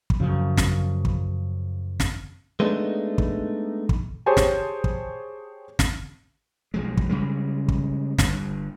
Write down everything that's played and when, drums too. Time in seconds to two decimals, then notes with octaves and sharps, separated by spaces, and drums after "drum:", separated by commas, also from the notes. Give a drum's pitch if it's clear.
0.10 drum: kick
0.20 F#2 C#3 F3
0.57 drum: snare
1.05 drum: kick
2.00 drum: snare
2.60 G#3 A3 B3 D4 D#4
3.18 drum: kick
3.89 drum: kick
4.26 G4 G#4 C5 C#5 G#5 A5
4.37 drum: snare
4.84 drum: kick
5.79 drum: snare
6.74 B1 F3 G#3
6.98 drum: kick
7.09 C#3 G3 G#3
7.69 drum: kick
8.18 G1 G2, drum: snare